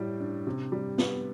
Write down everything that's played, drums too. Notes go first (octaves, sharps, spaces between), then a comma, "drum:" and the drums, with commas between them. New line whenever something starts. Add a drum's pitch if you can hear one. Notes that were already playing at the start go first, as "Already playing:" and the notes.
Already playing: A2 G3
D4
C3
G3
B3, drum: snare